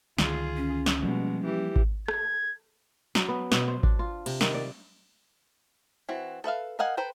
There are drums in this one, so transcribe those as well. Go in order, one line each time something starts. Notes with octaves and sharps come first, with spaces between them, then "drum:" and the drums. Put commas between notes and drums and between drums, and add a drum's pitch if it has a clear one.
C#2 D3 D#3 F4 G#4, drum: snare
C#4
drum: snare
B2 F3 G3 G#3 A#3
E3 G4
drum: kick G#1
G#6, drum: rim click
F#3, drum: snare
B3
B2, drum: snare
C5
D4, drum: kick G#1
F4
C3, drum: cymbal
D#3, drum: snare
D5
E3 C4 F#4
A4 B4 E5 F5
A#4 D#5 F5 F#5 G#5
A4 B4 C5 G5 A#5